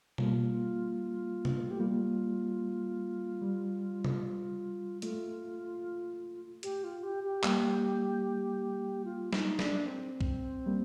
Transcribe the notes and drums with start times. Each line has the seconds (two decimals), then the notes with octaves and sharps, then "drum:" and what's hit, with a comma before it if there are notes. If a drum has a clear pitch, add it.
0.18 G3 A#3 F4, drum: tom B2
1.45 drum: tom C3
1.71 A3 G4
1.79 G3 A#3 F4
3.42 G3
4.05 drum: tom C3
5.02 A3 F4, drum: hi-hat
6.63 G4, drum: hi-hat
6.84 F4
7.03 G4
7.24 G4
7.44 G3 A#3, drum: clap
9.05 F4
9.33 D#4, drum: snare
9.59 D4, drum: snare
9.86 C4
10.21 drum: kick C2
10.66 G3 A#3